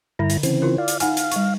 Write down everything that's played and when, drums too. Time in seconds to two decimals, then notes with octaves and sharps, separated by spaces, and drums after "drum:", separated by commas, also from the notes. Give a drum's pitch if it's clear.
0.19 G2 D3 E4 A#5 B5
0.30 drum: hi-hat
0.43 C#3 E3 C4, drum: hi-hat
0.62 E4 F4 A#4
0.78 D5 F5
0.88 drum: hi-hat
1.00 D#4 F5 F#5 G#5, drum: hi-hat
1.17 drum: hi-hat
1.32 G3 C#6, drum: hi-hat